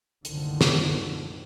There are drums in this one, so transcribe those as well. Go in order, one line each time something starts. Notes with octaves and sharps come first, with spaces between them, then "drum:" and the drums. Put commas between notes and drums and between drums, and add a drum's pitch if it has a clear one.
F#1 C2 A2 D3 D#3 F3, drum: hi-hat
drum: snare